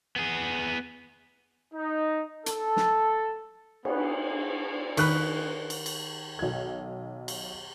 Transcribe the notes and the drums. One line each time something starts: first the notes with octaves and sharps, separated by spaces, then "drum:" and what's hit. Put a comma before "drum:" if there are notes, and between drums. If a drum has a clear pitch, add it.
B3 G#4
D#4
A4, drum: hi-hat
drum: snare
B3, drum: cymbal
D#3 B4 C#6 F#6, drum: cymbal
drum: cymbal
drum: cymbal
B1 G#6
drum: cymbal